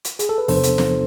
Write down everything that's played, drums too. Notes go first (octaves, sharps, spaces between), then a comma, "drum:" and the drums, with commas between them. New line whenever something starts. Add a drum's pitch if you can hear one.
drum: hi-hat
G#4, drum: hi-hat
A4
B4
E2 C3 F3 B3 D4 A4 C5, drum: open hi-hat
drum: hi-hat
drum: snare